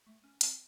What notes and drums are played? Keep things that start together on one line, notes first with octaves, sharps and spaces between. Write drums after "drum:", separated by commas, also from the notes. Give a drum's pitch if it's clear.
A3
C#4
C4, drum: hi-hat